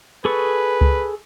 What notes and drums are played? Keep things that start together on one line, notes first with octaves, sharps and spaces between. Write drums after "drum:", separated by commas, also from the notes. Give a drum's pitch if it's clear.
G#4 A4 B4 C#6
drum: kick C#2